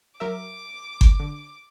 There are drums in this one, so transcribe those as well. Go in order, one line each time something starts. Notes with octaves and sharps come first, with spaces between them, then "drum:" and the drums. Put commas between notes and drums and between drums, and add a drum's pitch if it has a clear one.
F#3 A#4 E5 D6
drum: kick G1
D3